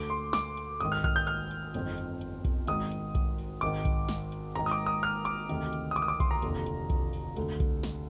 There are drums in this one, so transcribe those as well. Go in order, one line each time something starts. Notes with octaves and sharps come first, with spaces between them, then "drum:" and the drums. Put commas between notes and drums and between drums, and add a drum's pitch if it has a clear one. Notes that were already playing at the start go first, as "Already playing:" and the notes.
Already playing: D2 D3 D6
C6
D6, drum: snare
drum: hi-hat
G#1 G#2 D#3 D#6, drum: hi-hat
F6
F6, drum: kick B1, hi-hat
G6
F6, drum: hi-hat
drum: hi-hat
G1 F2 D#3, drum: hi-hat
drum: hi-hat
drum: hi-hat
drum: kick B1, hi-hat
G#1 G#2 D#3 D#6, drum: hi-hat
drum: hi-hat
drum: kick B1, hi-hat
drum: open hi-hat
G#1 G#2 D#3 D6, drum: hi-hat
drum: kick B1, hi-hat
drum: snare
drum: hi-hat
G#1 G#2 D#3 A#5, drum: hi-hat
D#6
D6
D#6
F6, drum: hi-hat
D6, drum: hi-hat
D2 C3 D#3, drum: hi-hat
drum: hi-hat
D#6
D6, drum: hi-hat
D#6
D6
C6, drum: kick B1, hi-hat
A#5
F1 D#2 D3, drum: hi-hat
drum: hi-hat
drum: kick B1, hi-hat
drum: open hi-hat
D2 D3, drum: hi-hat
drum: kick B1, hi-hat
drum: snare